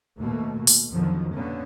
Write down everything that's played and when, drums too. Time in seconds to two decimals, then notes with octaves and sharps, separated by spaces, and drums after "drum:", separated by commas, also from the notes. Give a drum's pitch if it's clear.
0.19 D#2 B2 A3 A#3
0.58 B2
0.67 drum: open hi-hat
0.91 F2 B2 D3 D#3 F3 F#3
1.33 B2 D3 A#3 B3 C#4